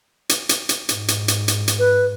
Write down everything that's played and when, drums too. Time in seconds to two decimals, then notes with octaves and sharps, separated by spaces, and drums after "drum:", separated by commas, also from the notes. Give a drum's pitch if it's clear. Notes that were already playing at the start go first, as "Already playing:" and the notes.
0.29 drum: hi-hat
0.49 drum: hi-hat
0.69 drum: hi-hat
0.89 G#2, drum: hi-hat
1.08 drum: hi-hat
1.28 drum: hi-hat
1.48 drum: hi-hat
1.68 drum: hi-hat
1.79 B4